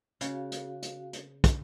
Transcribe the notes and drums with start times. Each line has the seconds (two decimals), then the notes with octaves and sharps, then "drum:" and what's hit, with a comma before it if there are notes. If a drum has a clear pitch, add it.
0.21 C#3 F#4 F5, drum: hi-hat
0.52 drum: hi-hat
0.82 drum: hi-hat
1.13 drum: hi-hat
1.44 drum: kick, hi-hat